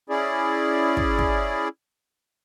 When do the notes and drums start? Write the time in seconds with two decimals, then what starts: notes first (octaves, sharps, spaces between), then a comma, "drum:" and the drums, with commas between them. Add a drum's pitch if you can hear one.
0.10 C#4 E4 G#4 D5
0.97 drum: kick
1.19 drum: kick